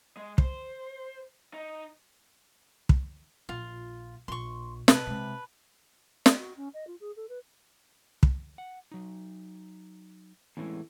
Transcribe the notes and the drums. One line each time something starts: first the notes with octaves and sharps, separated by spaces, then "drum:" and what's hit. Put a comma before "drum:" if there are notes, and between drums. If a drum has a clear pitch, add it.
G#3
C5, drum: kick
D#4
drum: kick
A#1 F4
A#1 C6 C#6
C3 B4 A5, drum: snare
C3 G#3
D5, drum: snare
F#4
C#4
D#5
F4
G#4
A4
B4
drum: kick
F#5
F#3 D#4
E2 A2 E3 G#3 C4 C#4